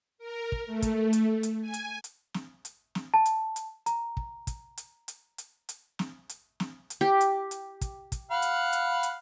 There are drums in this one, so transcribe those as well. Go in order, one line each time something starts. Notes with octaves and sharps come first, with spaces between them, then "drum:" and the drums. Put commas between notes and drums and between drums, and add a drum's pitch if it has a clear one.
A#4
drum: kick
A3
drum: kick, hi-hat
drum: hi-hat
drum: hi-hat
G#5
drum: hi-hat
drum: hi-hat
drum: snare
drum: hi-hat
drum: snare
A5
drum: hi-hat
drum: hi-hat
A#5, drum: hi-hat
drum: kick
drum: kick, hi-hat
drum: hi-hat
drum: hi-hat
drum: hi-hat
drum: hi-hat
drum: snare
drum: hi-hat
drum: snare
drum: hi-hat
G4
drum: hi-hat
drum: hi-hat
drum: kick, hi-hat
drum: kick, hi-hat
F5 F#5 B5
drum: hi-hat
drum: hi-hat
drum: hi-hat